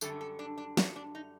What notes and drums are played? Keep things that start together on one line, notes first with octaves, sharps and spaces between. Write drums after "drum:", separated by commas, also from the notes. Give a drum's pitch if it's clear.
F#2 D3 G3 A4, drum: tambourine
A4
D4
D4
F#4, drum: snare
D4
D#4